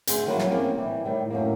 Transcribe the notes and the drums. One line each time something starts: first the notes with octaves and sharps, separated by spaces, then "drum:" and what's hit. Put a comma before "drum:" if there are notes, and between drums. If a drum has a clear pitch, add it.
D2 G#4 C5, drum: hi-hat
D#3 E3 F#3 A#3 A#4 B4
drum: snare
A#3 C4 C#4 E4 G4 A#4
E3 G3 G4
A2 D#3 G3
F#2 A2 A#3